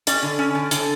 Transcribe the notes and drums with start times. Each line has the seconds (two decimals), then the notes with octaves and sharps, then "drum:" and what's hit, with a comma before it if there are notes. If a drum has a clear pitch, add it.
0.07 C#4 D5, drum: hi-hat
0.23 D3
0.39 C#4
0.55 D3
0.71 D3, drum: hi-hat